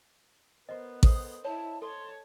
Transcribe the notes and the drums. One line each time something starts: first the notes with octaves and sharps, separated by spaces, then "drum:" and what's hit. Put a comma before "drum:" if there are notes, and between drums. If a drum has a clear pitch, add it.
B3 A#4 C5 D#5
A4 C5 D#5 D#6, drum: kick A1
E4 C#5 A5
A4 C#5 A5 C6